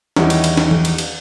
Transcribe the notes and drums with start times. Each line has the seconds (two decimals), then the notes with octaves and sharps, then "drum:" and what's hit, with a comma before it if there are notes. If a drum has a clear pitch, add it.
0.16 E2 D#3 G3 C#4 D#4 E4, drum: snare
0.30 drum: cymbal
0.44 drum: cymbal
0.57 drum: snare
0.71 drum: tom E3
0.85 drum: cymbal
0.98 drum: cymbal